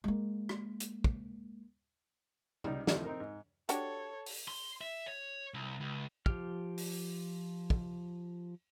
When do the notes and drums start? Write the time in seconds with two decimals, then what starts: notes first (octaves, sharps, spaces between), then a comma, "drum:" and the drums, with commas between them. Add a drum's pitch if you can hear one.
0.04 G#3 A#3
0.49 drum: rim click
0.80 drum: hi-hat
1.04 drum: kick
2.64 C#2 G3 D#4 D5, drum: tom C3
2.87 D#2 A2 F3 A3 C4, drum: snare
3.04 C4 D#4 A#4
3.20 G#2
3.69 D4 F#4 G4 A4 C#5, drum: hi-hat
4.26 drum: open hi-hat
4.48 C6
4.81 E5
5.07 C#5
5.54 C2
5.80 C#2
6.26 F3 G4 F6, drum: kick
6.78 drum: open hi-hat
7.70 drum: kick